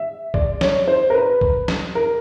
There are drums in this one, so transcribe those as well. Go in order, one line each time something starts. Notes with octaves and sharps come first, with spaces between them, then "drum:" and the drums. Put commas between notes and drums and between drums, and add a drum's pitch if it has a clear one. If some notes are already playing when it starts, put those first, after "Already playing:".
Already playing: E5
D5, drum: kick
C#5, drum: snare
C5
A#4
B4
drum: kick
drum: snare
A#4